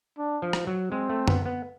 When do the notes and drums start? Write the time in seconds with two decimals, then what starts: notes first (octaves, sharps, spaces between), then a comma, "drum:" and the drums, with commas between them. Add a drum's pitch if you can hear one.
0.18 D4
0.42 F3
0.53 drum: rim click
0.67 F#3
0.91 G#3 C4
1.09 A3
1.28 B3, drum: tom
1.45 B3